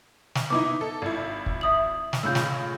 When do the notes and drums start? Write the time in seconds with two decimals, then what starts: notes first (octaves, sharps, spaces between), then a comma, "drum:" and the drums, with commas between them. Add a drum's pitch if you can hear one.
0.35 drum: snare
0.50 B3 D#4 E4 D6
0.81 A4
1.02 G#1 E4
1.46 drum: kick
1.61 E5 D#6 F#7
2.13 drum: snare
2.23 A2 C#3 F4 E6 G6
2.35 drum: snare